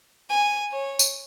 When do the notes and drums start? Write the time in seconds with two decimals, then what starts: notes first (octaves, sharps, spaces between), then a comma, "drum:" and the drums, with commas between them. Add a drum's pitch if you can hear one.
0.29 G#5
0.72 C#5
0.99 drum: tambourine